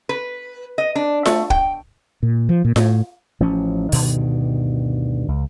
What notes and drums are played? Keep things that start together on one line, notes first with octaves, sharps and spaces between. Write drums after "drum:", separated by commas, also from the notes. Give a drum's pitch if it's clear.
B4
D#5
D4
A3, drum: snare F4
G5, drum: kick
A#2
F3
A#2
A2, drum: snare F4
A1 F3 C#4
D2 G2 B2 D#3, drum: open hi-hat
C#2